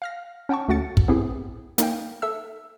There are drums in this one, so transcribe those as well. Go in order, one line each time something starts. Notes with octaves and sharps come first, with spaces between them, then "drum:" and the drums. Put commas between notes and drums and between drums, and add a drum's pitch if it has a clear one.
F5 F6 A#6
C#4 F#5 G5 A5 C#6
D2 A3 F#4 F#5 A6 C#7
drum: kick
B3 C4 E4 G4 G#4
A#3 D#4 F5 G5, drum: hi-hat
A4 E5 E6